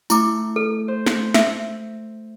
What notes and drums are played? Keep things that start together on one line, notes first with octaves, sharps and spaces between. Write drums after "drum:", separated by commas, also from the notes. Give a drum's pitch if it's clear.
A3 E4 D6, drum: tambourine
A4
C5
drum: snare
E5 E6, drum: snare